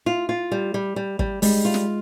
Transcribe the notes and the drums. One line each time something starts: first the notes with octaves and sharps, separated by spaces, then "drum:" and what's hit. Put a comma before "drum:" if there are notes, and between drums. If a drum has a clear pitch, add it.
F4
F4
G3
G3
G3
G3, drum: kick
G3 G#3, drum: open hi-hat
F4
drum: snare